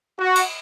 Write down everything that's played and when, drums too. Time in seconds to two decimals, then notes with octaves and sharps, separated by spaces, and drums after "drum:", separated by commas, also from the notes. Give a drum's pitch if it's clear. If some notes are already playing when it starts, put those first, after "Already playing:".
0.19 F#4
0.36 drum: cymbal